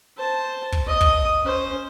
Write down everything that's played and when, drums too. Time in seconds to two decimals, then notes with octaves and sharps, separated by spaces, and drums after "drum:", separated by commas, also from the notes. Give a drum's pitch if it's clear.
0.17 C5 A5
0.72 drum: kick
0.86 D#5 D#6
1.01 drum: kick
1.43 C#4 C5